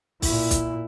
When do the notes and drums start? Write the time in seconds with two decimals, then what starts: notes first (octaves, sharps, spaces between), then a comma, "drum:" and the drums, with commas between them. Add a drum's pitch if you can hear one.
0.22 A#2 E4, drum: kick, open hi-hat
0.51 drum: kick, hi-hat